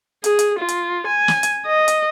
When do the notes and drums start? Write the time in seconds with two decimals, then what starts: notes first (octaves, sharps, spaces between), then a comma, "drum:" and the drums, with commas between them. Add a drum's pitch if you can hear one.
0.24 G#4, drum: hi-hat
0.39 drum: hi-hat
0.59 F4
0.68 drum: hi-hat
1.07 G#5
1.28 drum: snare
1.43 drum: hi-hat
1.66 D#5
1.88 drum: hi-hat